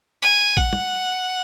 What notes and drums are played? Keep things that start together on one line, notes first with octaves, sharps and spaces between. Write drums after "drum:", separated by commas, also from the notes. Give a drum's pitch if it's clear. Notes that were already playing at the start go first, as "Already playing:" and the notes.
G#5
F#5, drum: kick A1
drum: tom